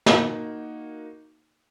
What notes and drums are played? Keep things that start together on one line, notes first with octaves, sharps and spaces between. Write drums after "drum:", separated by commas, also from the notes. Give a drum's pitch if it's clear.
A#3 D#4 F#4, drum: snare